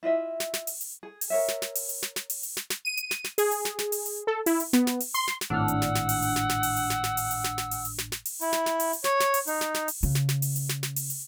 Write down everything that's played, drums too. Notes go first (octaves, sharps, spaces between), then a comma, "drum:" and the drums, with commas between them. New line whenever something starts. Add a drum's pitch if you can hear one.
E4 F4 D#5 E5
drum: snare
drum: snare
drum: open hi-hat
drum: hi-hat
G#4
drum: open hi-hat
A#4 C#5 E5
drum: snare
drum: snare
drum: open hi-hat
drum: hi-hat
drum: snare
drum: snare
drum: open hi-hat
drum: hi-hat
drum: snare
drum: snare
D#7
drum: hi-hat
drum: snare
drum: snare
G#4, drum: open hi-hat
drum: hi-hat
drum: snare
drum: snare
drum: open hi-hat
drum: hi-hat
A4
E4, drum: open hi-hat
drum: hi-hat
B3, drum: snare
drum: snare
drum: open hi-hat
C6, drum: hi-hat
drum: snare
drum: snare
G#1 A2 D4 F#5 E6 F6
drum: hi-hat
drum: snare
drum: snare
drum: open hi-hat
drum: hi-hat
drum: snare
drum: snare
drum: open hi-hat
drum: hi-hat
drum: snare
drum: snare
drum: open hi-hat
drum: hi-hat
drum: snare
drum: snare
drum: open hi-hat
drum: hi-hat
drum: snare
drum: snare
drum: open hi-hat
E4, drum: hi-hat
drum: snare
drum: snare
drum: open hi-hat
drum: hi-hat
C#5, drum: snare
drum: snare
drum: open hi-hat
D#4, drum: hi-hat
drum: snare
drum: snare
drum: open hi-hat
C#3, drum: hi-hat
drum: snare
drum: snare
drum: open hi-hat
drum: hi-hat
drum: snare
drum: snare
drum: open hi-hat
drum: hi-hat